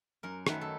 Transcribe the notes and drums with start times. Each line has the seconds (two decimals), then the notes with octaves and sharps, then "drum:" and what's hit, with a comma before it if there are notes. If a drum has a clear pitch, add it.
0.23 F#2 A#4
0.47 D#3 F#3 A3 B4, drum: rim click
0.61 A4